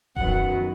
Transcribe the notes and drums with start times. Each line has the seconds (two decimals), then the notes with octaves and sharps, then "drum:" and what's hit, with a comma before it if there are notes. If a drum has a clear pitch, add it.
0.17 F#2 D#3 F#3 B3 F#5, drum: kick E1